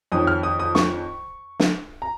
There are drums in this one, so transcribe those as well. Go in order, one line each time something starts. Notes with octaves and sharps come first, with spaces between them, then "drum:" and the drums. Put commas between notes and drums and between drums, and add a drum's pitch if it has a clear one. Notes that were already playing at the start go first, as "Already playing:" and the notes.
F2 D#3 C#4 D#6
F6
D#6
D#6
C#6, drum: snare
drum: snare
A#5